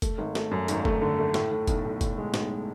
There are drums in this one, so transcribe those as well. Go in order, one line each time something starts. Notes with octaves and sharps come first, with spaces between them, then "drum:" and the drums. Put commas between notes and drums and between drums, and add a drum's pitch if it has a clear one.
A3, drum: kick F1, hi-hat
G#1
A3, drum: snare
F#2
G#1, drum: hi-hat
A3, drum: kick F1
D3
A3
A2, drum: snare
A2
B1, drum: kick F1, hi-hat
B1
B1, drum: kick F1, hi-hat
G#3
B1, drum: snare